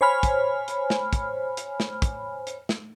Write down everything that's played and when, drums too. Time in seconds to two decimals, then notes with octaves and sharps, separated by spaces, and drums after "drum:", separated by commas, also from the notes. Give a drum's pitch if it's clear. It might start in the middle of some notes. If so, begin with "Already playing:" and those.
0.01 C5 C#5 G#5 B5 F6
0.23 drum: kick, hi-hat
0.68 drum: hi-hat
0.90 drum: snare
1.13 drum: kick, hi-hat
1.57 drum: hi-hat
1.80 drum: snare
2.02 drum: kick, hi-hat
2.47 drum: hi-hat
2.69 drum: snare